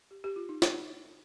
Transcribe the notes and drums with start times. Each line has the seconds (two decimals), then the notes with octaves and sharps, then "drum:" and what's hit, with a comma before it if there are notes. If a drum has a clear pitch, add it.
0.11 G4
0.24 G4
0.36 F4
0.49 D#4
0.62 D#4, drum: snare